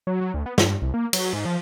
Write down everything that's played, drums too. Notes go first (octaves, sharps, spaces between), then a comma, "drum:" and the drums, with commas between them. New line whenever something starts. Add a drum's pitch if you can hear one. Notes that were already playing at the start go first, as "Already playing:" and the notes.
F#3
F#3
D2
B3
G2, drum: snare
C2
A#3
F#3, drum: cymbal
G#2
F3